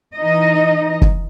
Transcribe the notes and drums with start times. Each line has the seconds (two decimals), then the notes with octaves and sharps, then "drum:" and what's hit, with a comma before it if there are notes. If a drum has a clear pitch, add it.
0.15 E3 D#4 D#5
1.02 drum: kick